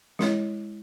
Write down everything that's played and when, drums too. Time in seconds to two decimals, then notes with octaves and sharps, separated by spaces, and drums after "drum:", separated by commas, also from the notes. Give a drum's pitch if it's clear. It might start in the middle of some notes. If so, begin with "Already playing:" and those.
0.19 G#3 E4 C#5, drum: snare